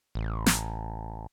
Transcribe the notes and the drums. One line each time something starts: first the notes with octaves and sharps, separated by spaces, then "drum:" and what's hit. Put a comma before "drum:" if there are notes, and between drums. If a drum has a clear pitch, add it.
A1
drum: snare